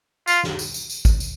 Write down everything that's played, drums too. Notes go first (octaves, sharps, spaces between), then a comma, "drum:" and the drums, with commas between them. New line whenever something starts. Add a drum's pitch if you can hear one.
F4, drum: tambourine
drum: snare
drum: tambourine
drum: tambourine
drum: tambourine
drum: kick G#1, tambourine
drum: tambourine